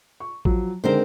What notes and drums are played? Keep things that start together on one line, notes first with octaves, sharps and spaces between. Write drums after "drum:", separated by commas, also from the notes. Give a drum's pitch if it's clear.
C#6
F3 F#3, drum: kick
D3 D#3 G#3 C4 A#4 C5